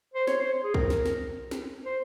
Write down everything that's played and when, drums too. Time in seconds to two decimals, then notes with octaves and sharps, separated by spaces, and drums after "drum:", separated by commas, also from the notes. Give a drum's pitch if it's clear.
0.14 C5
0.27 C#5, drum: snare
0.40 C5
0.64 G#4
0.74 A#4, drum: kick
0.90 drum: snare
1.06 drum: snare
1.51 drum: snare
1.85 C5